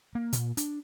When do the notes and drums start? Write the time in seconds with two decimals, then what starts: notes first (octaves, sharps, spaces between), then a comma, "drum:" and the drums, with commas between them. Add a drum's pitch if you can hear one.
0.15 A#3
0.33 A#2, drum: hi-hat
0.57 D4, drum: hi-hat